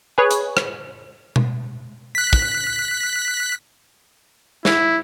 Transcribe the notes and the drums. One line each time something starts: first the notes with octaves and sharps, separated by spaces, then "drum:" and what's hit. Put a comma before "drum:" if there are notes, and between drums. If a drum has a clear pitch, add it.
G#4 B4 C#5
drum: hi-hat
drum: rim click
drum: tom B2
F#6 B6
drum: kick
E4, drum: snare